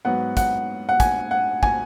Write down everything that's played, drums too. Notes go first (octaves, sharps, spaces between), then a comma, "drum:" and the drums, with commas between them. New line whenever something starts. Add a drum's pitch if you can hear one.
G#2 F#3 B3 F#5
F#5, drum: kick, hi-hat
F#5
G#5, drum: kick, hi-hat
F#5
G#5, drum: kick